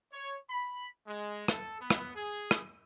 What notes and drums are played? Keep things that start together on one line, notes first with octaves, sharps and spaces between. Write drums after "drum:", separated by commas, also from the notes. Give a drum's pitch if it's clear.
C#5
B5
G#3
A4, drum: rim click
B3
drum: rim click
G#4
drum: rim click